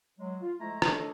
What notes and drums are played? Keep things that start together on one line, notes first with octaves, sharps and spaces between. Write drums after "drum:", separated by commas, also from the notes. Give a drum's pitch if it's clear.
F#3 G#3
F4
F3 G#3 A3 E4 A#5
A3 D4 A4 A#4 C#5 D#5, drum: rim click